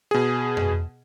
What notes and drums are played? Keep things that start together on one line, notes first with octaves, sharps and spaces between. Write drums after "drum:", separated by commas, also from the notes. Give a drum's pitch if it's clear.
B2 G#4
drum: tom F2